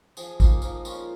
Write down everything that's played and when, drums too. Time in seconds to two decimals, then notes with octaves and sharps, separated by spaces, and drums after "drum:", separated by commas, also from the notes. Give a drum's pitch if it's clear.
0.17 F3 G#4, drum: tambourine
0.40 A#3 D#4 F4, drum: kick, tambourine
0.62 F3 A#4, drum: tambourine
0.85 G#3 C#4 F4, drum: tambourine